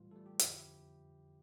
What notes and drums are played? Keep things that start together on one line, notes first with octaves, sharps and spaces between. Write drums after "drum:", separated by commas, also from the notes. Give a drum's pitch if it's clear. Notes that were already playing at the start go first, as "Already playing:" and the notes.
Already playing: A2 E3 G3 F4
A2 E3 G3 A4
G4
F2 D3 F3 G4, drum: hi-hat
E4